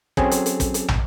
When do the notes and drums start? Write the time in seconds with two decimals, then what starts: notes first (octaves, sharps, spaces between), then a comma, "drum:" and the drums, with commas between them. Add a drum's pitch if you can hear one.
0.17 F#3 C4 C#4 G#4 A4, drum: kick
0.31 drum: hi-hat
0.46 drum: hi-hat
0.60 drum: kick, hi-hat
0.74 drum: hi-hat
0.88 drum: tom